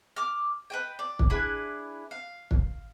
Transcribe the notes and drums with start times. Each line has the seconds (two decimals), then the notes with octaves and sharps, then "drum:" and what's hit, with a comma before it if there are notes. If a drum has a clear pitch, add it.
0.16 D6 F6
0.70 B4 D#5 G5
0.99 D5
1.19 drum: kick
1.30 D4 E4 G#4 B4
2.11 F5
2.51 drum: kick